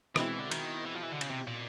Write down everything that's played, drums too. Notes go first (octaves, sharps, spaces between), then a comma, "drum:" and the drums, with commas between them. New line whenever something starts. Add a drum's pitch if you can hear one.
B2 E3 G#3 C4 E4, drum: rim click
D3
D#3, drum: cymbal
E3
F3
E3
D3
C#3, drum: cymbal
C3
A#2